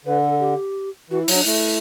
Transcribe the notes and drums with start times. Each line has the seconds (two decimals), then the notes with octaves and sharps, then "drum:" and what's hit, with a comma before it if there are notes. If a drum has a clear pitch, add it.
0.05 D3 B4
0.23 A4
0.40 G4
1.10 E3 F#4
1.22 E4
1.28 F#3, drum: open hi-hat
1.34 D4
1.45 A3 E4